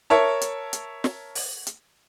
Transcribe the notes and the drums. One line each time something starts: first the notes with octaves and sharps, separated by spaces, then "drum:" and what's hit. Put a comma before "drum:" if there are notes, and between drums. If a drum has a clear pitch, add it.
A#4 C#5 E5 A5
drum: hi-hat
drum: hi-hat
drum: snare
drum: open hi-hat
drum: hi-hat